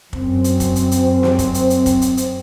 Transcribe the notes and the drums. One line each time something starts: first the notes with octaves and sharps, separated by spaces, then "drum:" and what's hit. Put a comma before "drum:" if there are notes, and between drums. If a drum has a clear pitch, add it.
F#2 C4, drum: kick
drum: hi-hat
drum: kick, hi-hat
drum: hi-hat
drum: hi-hat
drum: snare
drum: kick, hi-hat
drum: hi-hat
drum: hi-hat
drum: kick, hi-hat
drum: hi-hat
drum: hi-hat